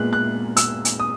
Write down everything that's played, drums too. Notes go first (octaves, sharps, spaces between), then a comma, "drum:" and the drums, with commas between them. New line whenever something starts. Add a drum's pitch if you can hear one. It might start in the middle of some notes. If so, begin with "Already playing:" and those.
Already playing: A#2 G#3 B3 F#6
F#6
E6, drum: hi-hat
drum: hi-hat
D#6